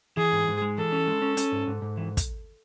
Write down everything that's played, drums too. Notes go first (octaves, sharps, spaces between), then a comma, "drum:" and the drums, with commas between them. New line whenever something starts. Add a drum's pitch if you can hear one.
E3 G#4
G#2
G#2
G#3
E3 A4
C#4
G#3
C#4
C#4, drum: hi-hat
G#2
G#2
G#2
E3
drum: kick, hi-hat